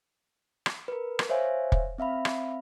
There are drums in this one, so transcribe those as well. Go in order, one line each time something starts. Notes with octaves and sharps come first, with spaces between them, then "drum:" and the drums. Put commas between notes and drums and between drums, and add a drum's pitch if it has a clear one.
drum: rim click
A#4 B4
drum: rim click
C5 C#5 E5 F5 G#5
drum: kick
C4 E5 F5 B5
drum: rim click